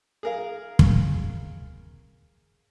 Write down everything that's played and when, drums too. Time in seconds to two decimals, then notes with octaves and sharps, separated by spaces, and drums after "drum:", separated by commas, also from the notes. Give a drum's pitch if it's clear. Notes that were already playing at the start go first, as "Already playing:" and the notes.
0.23 G#4 A#4 F5
0.79 drum: kick